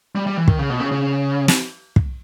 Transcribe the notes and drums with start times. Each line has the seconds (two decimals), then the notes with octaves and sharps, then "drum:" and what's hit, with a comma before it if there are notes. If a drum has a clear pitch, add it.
0.15 G3
0.27 G3
0.37 E3
0.48 D#3, drum: kick
0.59 C#3
0.70 B2
0.80 C#3
0.91 C#3
1.48 drum: snare
1.96 drum: kick